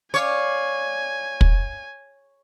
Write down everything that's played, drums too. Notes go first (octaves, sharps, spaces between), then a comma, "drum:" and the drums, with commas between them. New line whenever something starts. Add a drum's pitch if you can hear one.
C#5 D5 F5 G#5
drum: kick